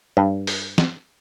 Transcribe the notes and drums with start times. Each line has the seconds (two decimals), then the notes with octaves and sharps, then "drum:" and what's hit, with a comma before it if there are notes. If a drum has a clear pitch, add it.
0.17 G2
0.47 drum: open hi-hat
0.78 drum: snare